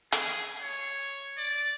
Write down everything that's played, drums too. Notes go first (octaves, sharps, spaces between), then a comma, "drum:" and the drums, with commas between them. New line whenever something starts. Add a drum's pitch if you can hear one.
G#4, drum: hi-hat
C#5
D5